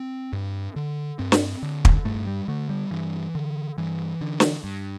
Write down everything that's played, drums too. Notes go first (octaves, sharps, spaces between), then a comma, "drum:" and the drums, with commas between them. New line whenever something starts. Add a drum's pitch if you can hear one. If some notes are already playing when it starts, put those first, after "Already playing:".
Already playing: C4
G2
D3
G2 C4
drum: snare
D3
drum: kick
G2 A3
G3
D3 A3
G3
G2 E3
D3
G2 E3
D3
drum: snare
G2